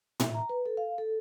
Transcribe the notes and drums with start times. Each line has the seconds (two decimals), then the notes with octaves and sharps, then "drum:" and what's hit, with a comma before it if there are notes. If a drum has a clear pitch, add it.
0.20 E5, drum: tom A2
0.34 A#5
0.49 B4
0.66 A4
0.77 F5
0.98 A4